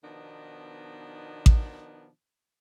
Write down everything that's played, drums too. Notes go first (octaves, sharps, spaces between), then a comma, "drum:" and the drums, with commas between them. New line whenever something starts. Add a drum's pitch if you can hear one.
B2 D#3 F3 B3 D4 D#4
drum: kick A1